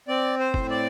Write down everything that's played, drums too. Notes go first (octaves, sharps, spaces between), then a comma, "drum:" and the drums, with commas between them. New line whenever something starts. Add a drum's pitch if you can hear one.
C4 D5
C5
A2, drum: kick
D5